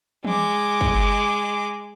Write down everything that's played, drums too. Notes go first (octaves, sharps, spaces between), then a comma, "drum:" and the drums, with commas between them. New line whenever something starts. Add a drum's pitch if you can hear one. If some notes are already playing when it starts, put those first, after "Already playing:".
G#3 D6, drum: tom E3
drum: kick